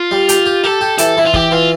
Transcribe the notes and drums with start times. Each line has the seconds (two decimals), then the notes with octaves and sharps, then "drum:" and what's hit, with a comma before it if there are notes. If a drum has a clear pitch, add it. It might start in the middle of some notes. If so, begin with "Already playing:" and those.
Already playing: F4
0.11 G3
0.29 G4, drum: hi-hat
0.46 G4
0.64 G4 A4
0.81 G4
0.98 E3 A4, drum: hi-hat
1.17 E3 E4
1.26 F4
1.33 E3 G4, drum: kick
1.51 E3 F4